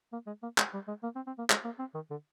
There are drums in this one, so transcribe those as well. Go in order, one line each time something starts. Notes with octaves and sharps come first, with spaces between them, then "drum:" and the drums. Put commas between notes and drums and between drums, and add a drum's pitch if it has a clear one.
A#3
G#3
A#3
G#3, drum: clap
G3
G#3
A#3
C4
C4
A#3
G#3, drum: clap
A#3
C4
D#3
D3